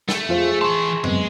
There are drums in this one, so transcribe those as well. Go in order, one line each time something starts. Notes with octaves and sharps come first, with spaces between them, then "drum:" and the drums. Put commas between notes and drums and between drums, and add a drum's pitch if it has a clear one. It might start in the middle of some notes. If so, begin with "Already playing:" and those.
A3, drum: snare
F2 F4 G#4 C5
E3 A5 C6 C#6
F#2 G#3 B3 C4, drum: tom F2